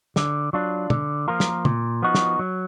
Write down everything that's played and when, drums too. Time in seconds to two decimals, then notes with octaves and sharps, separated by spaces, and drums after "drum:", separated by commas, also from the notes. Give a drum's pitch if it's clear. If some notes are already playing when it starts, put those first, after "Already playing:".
0.16 D3, drum: snare
0.53 F#3 D4 F4
0.90 D3, drum: tom
1.28 F3 A#3 F4 A#4
1.40 drum: snare
1.65 A#2, drum: tom
2.02 F3 B3 D#4 F#4
2.15 drum: snare
2.39 F#3